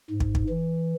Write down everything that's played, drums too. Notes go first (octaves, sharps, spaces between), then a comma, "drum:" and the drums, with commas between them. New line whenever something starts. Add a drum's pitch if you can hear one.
G#2
drum: kick
drum: kick
E3